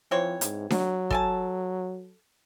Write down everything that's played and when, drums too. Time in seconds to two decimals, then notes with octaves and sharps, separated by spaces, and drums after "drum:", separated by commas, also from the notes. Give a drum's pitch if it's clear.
0.11 E3 F3 C4 C#5
0.41 G#2, drum: hi-hat
0.70 F#3, drum: snare D4
1.10 A4 G#5 A5, drum: kick